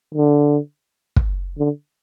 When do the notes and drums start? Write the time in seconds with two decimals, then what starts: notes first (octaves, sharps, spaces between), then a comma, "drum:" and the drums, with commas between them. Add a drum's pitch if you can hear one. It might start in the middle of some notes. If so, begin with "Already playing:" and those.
0.14 D3
1.16 drum: kick
1.58 D3